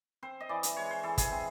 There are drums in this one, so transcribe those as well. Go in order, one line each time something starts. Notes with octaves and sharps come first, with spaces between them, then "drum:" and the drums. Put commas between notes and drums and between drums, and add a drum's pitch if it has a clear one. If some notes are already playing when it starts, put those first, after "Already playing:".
C4 C5
D#5
E3 D5
drum: hi-hat
G#3 C#5
C5
E3 A4
G#4, drum: kick, hi-hat
C4